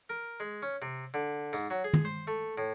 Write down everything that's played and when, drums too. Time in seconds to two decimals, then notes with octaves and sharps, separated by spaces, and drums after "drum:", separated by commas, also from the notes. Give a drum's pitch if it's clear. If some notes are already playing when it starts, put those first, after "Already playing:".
0.10 A#4
0.40 G#3
0.62 C#4
0.82 C3
1.14 D3
1.53 G#2, drum: tambourine
1.70 F#3
1.84 G#4
1.93 drum: tom
2.05 C5
2.27 A3
2.58 A2